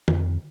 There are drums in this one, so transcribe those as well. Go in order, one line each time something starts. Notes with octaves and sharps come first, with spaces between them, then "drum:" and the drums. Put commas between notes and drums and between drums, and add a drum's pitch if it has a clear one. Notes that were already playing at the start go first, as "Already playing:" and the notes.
F2, drum: tom